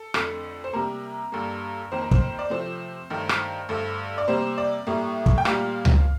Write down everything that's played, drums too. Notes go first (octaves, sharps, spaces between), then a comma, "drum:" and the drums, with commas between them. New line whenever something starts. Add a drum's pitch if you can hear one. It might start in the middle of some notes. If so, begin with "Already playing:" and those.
Already playing: A4
F2 D3 A3, drum: rim click
C5
C3 G3 A#3 A#4
G2 D3 G3 A#3
F2 D#3 A#3 C5
A#4
C5, drum: kick
D5
C3 F3 A3 C5
G2 D#3 A3
drum: rim click
G2 D3 A3
D5
C3 G3 A#3 C5
D5
A2 G3 A#3
drum: kick
G5
A#2 G3 A#3 F5, drum: rim click
drum: tom C#2